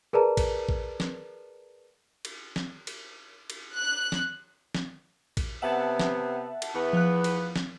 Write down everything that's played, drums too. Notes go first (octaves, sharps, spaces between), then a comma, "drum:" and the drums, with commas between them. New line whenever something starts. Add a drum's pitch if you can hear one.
G#4 A#4 B4 D5 A5 A#5
drum: kick A#1, cymbal
drum: kick A#1
drum: snare
drum: cymbal
drum: snare
drum: cymbal
drum: cymbal
F#6
drum: snare
drum: snare
drum: kick A#1, cymbal
C3 B3 E5 F#5 A5
drum: snare
drum: cymbal
E2 B3
F3 F#6
drum: cymbal
drum: snare